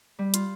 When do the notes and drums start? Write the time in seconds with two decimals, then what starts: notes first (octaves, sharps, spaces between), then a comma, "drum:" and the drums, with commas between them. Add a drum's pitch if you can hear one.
0.19 G3
0.34 F4, drum: hi-hat